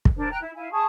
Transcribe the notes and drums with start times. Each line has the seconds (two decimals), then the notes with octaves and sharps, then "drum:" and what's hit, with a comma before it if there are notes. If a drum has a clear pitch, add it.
0.05 drum: kick
0.17 D4 A#4 C5
0.30 G5 A#5 F#6
0.41 E4
0.55 E4 F5 G#5
0.72 G#4 A5 C#6 D#6